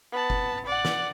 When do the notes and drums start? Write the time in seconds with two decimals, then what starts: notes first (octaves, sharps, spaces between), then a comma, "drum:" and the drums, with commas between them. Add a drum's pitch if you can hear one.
0.12 B3 A5
0.30 drum: kick F#1
0.66 D5 F#5
0.85 drum: snare